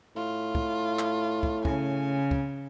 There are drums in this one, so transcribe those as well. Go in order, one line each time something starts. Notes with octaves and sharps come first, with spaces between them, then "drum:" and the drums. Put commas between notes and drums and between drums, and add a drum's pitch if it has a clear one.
A2 F4
drum: kick
drum: clap
drum: kick
C#3 G#5, drum: kick
drum: kick